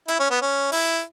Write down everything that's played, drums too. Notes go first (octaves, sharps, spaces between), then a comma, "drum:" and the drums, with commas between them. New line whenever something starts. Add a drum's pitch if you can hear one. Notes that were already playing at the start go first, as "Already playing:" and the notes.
E4, drum: hi-hat
C#4
B3
C#4
E4, drum: open hi-hat